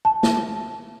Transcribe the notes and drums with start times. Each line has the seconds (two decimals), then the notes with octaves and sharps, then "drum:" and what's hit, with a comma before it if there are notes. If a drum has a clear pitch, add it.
0.05 A5
0.23 drum: snare